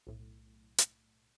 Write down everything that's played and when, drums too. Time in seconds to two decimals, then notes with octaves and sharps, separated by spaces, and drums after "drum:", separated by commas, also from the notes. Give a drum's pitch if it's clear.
0.07 B1 A2
0.78 drum: hi-hat